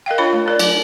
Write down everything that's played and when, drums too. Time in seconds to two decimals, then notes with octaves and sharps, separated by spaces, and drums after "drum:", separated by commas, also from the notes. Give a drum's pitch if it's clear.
0.06 A#4 D#5 F5 G5
0.18 D4 F4 C#5 B5
0.33 A3
0.46 D4 A#4 D5
0.59 F#3, drum: cymbal